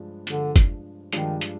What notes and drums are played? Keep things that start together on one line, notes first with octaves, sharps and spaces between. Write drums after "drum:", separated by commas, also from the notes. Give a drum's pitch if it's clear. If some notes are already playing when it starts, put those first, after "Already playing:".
Already playing: G2 F3 G#3 D4
G2 D3 F3 G#3 D4, drum: hi-hat
drum: kick F#1, hi-hat
G2 D#3 F3 G#3 D4, drum: hi-hat
drum: hi-hat